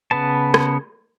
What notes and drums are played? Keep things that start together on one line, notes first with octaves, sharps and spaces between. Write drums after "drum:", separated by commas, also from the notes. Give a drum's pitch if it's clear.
C#3 B3 B4 A5
drum: rim click